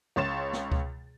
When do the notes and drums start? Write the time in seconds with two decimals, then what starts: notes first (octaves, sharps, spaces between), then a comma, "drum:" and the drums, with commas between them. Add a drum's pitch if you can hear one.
0.16 C#2 C#5 C6 A6 E7
0.53 drum: snare
0.72 drum: kick C#2